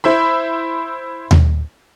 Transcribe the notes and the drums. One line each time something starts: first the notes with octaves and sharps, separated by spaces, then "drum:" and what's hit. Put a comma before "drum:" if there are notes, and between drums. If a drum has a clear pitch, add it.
E4 C5 E5 B5
drum: tom D#2